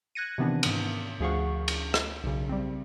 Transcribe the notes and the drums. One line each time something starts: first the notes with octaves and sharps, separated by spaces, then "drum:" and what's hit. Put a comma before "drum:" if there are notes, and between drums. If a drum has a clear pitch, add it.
F#6 G#6 A#6 C#7 D#7
C3 D#3 E3 B3 C4 D4
G#2 B3, drum: cymbal
D2 F3 G#4 F5 F#5 C#6
drum: cymbal
drum: rim click
B1 C#3
G3 C4